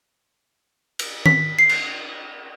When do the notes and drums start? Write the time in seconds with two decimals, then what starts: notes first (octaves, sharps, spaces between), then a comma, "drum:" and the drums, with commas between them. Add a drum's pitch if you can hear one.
0.99 drum: cymbal
1.26 B6, drum: tom D#3
1.59 C7
1.69 drum: cymbal